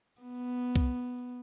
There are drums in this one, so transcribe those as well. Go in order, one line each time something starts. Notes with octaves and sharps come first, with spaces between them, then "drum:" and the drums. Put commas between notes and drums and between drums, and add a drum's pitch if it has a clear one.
B3
drum: kick C2